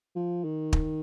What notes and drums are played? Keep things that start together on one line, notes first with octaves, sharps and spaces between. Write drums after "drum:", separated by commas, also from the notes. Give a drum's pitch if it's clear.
F3
D#3
drum: kick